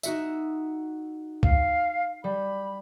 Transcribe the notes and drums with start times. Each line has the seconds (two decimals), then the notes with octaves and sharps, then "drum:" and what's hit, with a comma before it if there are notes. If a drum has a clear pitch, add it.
0.03 D#4 F#4 E5, drum: tambourine
1.43 F5, drum: kick C2
2.24 G3 B5